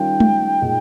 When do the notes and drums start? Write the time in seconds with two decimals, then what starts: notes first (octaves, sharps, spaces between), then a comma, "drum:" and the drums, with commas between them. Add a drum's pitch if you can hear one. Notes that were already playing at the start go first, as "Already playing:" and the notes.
Already playing: D#3 G3 C#4 F4 A#4 G5
0.20 drum: tom G#3
0.61 A#2 G#3 D#4 G#4